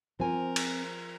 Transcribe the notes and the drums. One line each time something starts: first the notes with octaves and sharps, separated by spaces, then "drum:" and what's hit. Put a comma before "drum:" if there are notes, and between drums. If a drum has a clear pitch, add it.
F3 C4 A#4 G#5
drum: cymbal